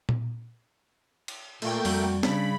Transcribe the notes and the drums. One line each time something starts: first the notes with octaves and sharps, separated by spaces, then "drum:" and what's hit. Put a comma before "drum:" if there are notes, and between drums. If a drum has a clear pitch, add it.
drum: tom A#2
drum: cymbal
A#2 A3 A#3 G5, drum: cymbal
F2 G3 F#4, drum: open hi-hat
C#3 C#4 D4 G#4 B5, drum: snare